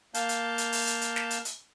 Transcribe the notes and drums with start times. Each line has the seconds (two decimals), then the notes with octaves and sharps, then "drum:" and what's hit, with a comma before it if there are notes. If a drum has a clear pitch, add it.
0.14 A#3 F5 A5 G6, drum: hi-hat
0.29 drum: hi-hat
0.58 drum: hi-hat
0.72 drum: open hi-hat
0.87 drum: hi-hat
1.01 drum: hi-hat
1.16 drum: snare
1.31 drum: hi-hat
1.45 drum: hi-hat